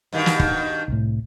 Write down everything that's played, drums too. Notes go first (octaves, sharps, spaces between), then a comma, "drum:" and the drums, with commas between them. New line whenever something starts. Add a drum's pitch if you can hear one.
G2 B2 D#3
drum: snare
drum: kick
C2 A2